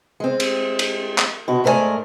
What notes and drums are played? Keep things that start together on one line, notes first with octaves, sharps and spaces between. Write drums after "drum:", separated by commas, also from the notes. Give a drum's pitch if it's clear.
G#3 C4
drum: cymbal
drum: cymbal
drum: clap
B2 F#4
G#2 A3 A#4 B4 D5 G#5